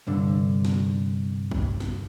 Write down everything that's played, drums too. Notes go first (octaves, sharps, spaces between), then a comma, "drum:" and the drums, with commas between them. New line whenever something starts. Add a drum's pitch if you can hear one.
C2 G2 D3
drum: snare
drum: kick
drum: snare